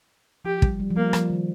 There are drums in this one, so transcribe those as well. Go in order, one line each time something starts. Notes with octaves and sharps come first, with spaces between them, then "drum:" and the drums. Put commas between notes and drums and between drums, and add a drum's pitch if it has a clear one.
F3 G4
G3, drum: kick
G3
F3
G3 A#3
F3, drum: rim click
D#3